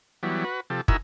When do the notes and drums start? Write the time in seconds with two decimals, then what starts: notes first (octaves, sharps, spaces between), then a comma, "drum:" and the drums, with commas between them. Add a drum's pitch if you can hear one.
0.23 E3 F#3 G3 B3
0.45 F#4 B4
0.70 C3 F3 G4 A4
0.88 D#4 E4 F#4 A#4 G#5 E6, drum: kick